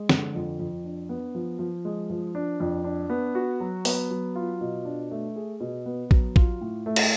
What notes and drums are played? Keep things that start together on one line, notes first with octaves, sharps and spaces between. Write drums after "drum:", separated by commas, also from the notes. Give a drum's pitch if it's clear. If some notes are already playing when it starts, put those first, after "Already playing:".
Already playing: G#3
D3, drum: snare
F2
F2
D4
B3
F3
F3
G#3
F3
D4
F2
D4
B3
F#4
F#3
B3, drum: open hi-hat
F#3
F4
B2
D4
A3
G#4
B2
B3
F#3, drum: kick
F4, drum: kick
A2
A3
drum: cymbal